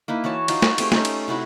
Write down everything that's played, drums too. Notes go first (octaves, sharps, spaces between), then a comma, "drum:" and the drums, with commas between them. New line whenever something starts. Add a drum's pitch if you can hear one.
A#3 D#4 E4 B4
E3 F#4 C#5 A5
D#4 F4 F#4, drum: cymbal
drum: snare
A3 C4 G4 G#4, drum: cymbal
C#4 D#4 A4, drum: snare
drum: cymbal
C3 E4 F#4 B5